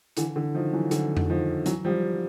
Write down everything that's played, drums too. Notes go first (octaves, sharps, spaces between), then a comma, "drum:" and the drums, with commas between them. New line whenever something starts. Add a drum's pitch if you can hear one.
D3 E3, drum: hi-hat
D3 E3
D#3 F3
E3 F#3
D3 E3, drum: hi-hat
drum: tom F2
D#3 F3
E3 F#3, drum: hi-hat
F3 G3